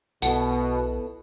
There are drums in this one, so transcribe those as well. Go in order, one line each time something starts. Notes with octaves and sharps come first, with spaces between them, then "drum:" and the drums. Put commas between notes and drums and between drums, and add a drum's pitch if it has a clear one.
B1 B2 B3 E4 A4 F#5, drum: tambourine